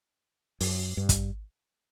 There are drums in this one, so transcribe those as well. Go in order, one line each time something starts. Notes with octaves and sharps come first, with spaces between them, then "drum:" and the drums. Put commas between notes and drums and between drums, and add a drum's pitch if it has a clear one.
F#2, drum: open hi-hat
G2
drum: kick, hi-hat